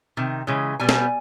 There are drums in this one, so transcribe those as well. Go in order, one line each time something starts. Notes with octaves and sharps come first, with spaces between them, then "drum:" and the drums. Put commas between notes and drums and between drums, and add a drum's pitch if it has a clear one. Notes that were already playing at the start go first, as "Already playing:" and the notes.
C3 D#3
C#3 E3 G#3
B2 G3 B3 G#5
drum: snare